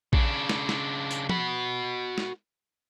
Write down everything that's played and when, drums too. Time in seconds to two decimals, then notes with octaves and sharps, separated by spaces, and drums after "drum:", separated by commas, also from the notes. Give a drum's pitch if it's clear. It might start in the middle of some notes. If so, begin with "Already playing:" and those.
0.13 C#3 D4, drum: kick A#1
0.49 drum: snare
0.69 drum: snare
1.11 drum: tambourine
1.29 F#4 B5, drum: tom F3
2.18 drum: snare